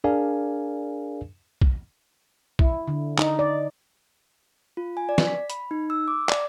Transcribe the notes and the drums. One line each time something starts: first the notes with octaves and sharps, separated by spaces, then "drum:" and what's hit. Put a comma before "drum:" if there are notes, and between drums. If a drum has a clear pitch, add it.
D4 G#4 A#4 D5 F5 G#5
drum: kick B1
E4, drum: kick B1
D3
D#4, drum: clap
D5
F4
G#5
D5
drum: snare
B6
B5, drum: hi-hat
D#4
E6
D6
D5, drum: clap